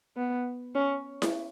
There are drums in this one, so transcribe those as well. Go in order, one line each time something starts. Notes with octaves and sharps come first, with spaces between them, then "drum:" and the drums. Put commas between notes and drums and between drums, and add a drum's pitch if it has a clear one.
B3
C#4
drum: snare E4